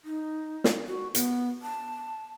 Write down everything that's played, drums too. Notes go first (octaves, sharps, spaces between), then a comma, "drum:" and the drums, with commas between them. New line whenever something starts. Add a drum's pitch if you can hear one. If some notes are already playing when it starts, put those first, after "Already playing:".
D#4
drum: snare
F#4
B3, drum: hi-hat
A5